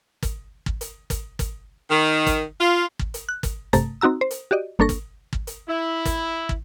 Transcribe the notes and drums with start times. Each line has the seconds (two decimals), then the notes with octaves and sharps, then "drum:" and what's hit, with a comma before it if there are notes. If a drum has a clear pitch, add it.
0.23 drum: kick, hi-hat
0.66 drum: kick
0.81 drum: hi-hat
1.10 drum: kick, hi-hat
1.39 drum: kick, hi-hat
1.91 D#3
2.27 drum: kick, hi-hat
2.61 F4
2.99 drum: kick
3.14 drum: hi-hat
3.29 F#6
3.43 drum: kick, hi-hat
3.73 G2 C3 A3 A#5 A6, drum: kick, hi-hat
4.01 C4 D#4 F#4 A#5 E6
4.21 C5
4.31 drum: hi-hat
4.51 F#4 G4 D5 D#5
4.79 G1 A#3 D4 A4 C#6 A#6
4.89 drum: kick, hi-hat
5.33 drum: kick
5.47 drum: hi-hat
5.68 E4
6.05 drum: kick, hi-hat
6.49 drum: kick